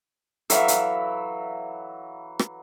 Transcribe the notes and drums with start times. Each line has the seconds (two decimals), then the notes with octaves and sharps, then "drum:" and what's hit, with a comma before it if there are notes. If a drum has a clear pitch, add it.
0.50 E3 F#3 A4 E5 F5 B5, drum: hi-hat
0.68 drum: hi-hat
2.39 drum: rim click